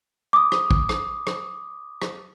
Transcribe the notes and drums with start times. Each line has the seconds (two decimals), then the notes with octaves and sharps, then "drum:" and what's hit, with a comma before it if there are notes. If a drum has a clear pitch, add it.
0.33 D6 D#6
0.52 drum: rim click
0.71 drum: kick
0.89 drum: rim click
1.27 drum: rim click
2.02 drum: rim click